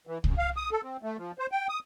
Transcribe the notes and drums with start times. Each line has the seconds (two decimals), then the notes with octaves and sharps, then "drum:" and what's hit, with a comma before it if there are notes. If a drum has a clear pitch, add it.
0.07 E3
0.24 F#2, drum: kick C2
0.38 F5
0.57 D#6
0.71 A4
0.83 C4
1.03 A3
1.18 F3
1.39 C5
1.52 G5
1.69 D#6